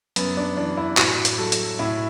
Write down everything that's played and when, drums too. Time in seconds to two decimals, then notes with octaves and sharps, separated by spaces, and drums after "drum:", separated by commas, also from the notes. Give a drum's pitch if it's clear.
0.16 F#2 B3, drum: hi-hat
0.37 D4
0.57 E3 D4
0.77 E4
0.97 A2 F#4, drum: clap
1.25 drum: hi-hat
1.38 F#3 A4
1.52 drum: hi-hat
1.79 A2 E4